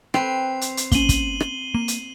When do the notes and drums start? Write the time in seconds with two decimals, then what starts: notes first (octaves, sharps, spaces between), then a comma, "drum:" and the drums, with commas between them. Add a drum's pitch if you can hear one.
0.14 C4 B4 C7 F7, drum: rim click
0.61 drum: hi-hat
0.77 drum: hi-hat
0.92 A#3 C#4 D#7 F#7 G7, drum: kick, hi-hat
1.09 drum: kick, hi-hat
1.40 drum: rim click
1.75 A#3 D#7
1.88 drum: hi-hat